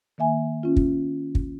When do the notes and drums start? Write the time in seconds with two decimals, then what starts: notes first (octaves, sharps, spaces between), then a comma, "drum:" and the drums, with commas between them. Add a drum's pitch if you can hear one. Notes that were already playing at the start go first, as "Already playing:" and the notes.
0.18 D#3 A#3 E5 G#5
0.63 C#4 F4
0.76 drum: kick
1.35 drum: kick